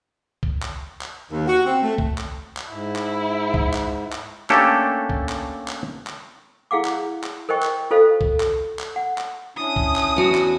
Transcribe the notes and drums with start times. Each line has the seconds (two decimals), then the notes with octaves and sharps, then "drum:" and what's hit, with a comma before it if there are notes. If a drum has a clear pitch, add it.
0.43 drum: kick C2
0.62 drum: clap
1.01 drum: clap
1.31 D#2
1.47 F#4
1.65 C4
1.82 A3
1.98 drum: kick C2
2.18 drum: clap
2.57 drum: clap
2.70 G#2 E4
2.96 drum: clap
3.54 drum: kick C2
3.73 drum: clap
4.12 drum: clap
4.50 A3 A#3 C#4 D4 G4 A4, drum: clap
5.10 drum: kick C2
5.29 drum: clap
5.68 drum: clap
6.07 drum: clap
6.71 E4 G#4 F5 F#5 D6
6.85 drum: clap
7.23 drum: clap
7.49 A#4 C5 D#5 G5 C#6
7.62 drum: clap
7.91 F4 A4 C5 D#5 F5
8.21 drum: kick C2
8.40 drum: clap
8.79 drum: clap
8.96 F#5
9.18 drum: clap
9.57 C#4 D4 E4 D#6
9.76 drum: kick C2
9.96 drum: clap
10.16 E2 F#4
10.35 drum: clap